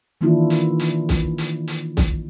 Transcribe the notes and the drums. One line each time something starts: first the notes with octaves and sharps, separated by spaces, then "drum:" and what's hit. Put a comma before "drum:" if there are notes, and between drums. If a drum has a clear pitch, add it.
D#3 E3 A#3 D4 E4 F4
drum: hi-hat
drum: hi-hat
drum: kick, hi-hat
drum: hi-hat
drum: hi-hat
drum: kick, hi-hat